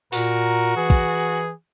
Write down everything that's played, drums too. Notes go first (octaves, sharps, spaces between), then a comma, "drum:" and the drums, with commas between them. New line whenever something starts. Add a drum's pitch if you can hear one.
A#2 F#4 A#4, drum: open hi-hat
E3 G#4
drum: kick